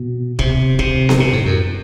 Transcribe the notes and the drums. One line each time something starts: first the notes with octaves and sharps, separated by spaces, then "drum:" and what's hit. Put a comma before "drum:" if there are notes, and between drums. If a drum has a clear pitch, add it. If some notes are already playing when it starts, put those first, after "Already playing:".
Already playing: B2
C3, drum: kick
C3, drum: kick
drum: snare B3
C3
A2
F#2